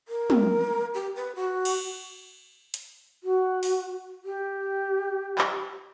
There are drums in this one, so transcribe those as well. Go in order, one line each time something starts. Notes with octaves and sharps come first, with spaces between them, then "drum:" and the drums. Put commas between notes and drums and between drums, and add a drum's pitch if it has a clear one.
A#4
drum: tom
G4
B4
F#4
drum: cymbal
drum: hi-hat
F#4
drum: open hi-hat
G4
drum: clap